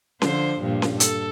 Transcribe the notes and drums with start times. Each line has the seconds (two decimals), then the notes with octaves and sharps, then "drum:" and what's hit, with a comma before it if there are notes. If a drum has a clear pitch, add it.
0.22 D3 F3 C5, drum: snare C#4
0.61 G2 A#2 F3
0.82 drum: snare C#4
1.00 A4, drum: hi-hat